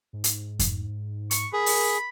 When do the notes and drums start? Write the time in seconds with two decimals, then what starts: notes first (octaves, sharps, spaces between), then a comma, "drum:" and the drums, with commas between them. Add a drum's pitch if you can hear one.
0.13 G#2
0.24 drum: hi-hat
0.59 drum: kick F2, hi-hat
1.31 C#6, drum: hi-hat
1.53 G#4 A#4 B5
1.66 drum: open hi-hat